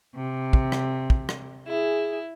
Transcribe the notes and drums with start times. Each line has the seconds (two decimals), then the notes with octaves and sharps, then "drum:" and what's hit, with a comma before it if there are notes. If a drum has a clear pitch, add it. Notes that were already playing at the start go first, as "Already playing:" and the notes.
0.13 C3
0.53 drum: kick
0.72 drum: rim click
1.10 drum: kick
1.29 drum: rim click
1.67 E4 G#4